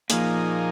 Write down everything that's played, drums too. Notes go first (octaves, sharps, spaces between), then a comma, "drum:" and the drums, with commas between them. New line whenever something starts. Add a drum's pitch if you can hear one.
A#2 F3 A#3 D#4 G#4, drum: hi-hat